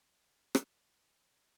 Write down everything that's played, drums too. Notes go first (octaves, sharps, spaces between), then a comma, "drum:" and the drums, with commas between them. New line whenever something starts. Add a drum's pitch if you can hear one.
G4
drum: rim click
G#5